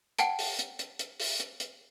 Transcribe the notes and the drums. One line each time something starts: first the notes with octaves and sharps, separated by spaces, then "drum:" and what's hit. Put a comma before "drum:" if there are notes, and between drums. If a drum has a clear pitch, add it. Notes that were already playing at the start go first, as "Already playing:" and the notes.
F#5 G5 A5 D7, drum: hi-hat
drum: open hi-hat
drum: hi-hat
drum: hi-hat
drum: hi-hat
drum: open hi-hat
drum: hi-hat
drum: hi-hat